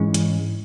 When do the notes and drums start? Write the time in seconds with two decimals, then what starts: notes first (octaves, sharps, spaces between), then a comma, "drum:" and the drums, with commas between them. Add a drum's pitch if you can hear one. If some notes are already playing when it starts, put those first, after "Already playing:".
Already playing: G#2 E3 G#3 C#4
0.14 drum: hi-hat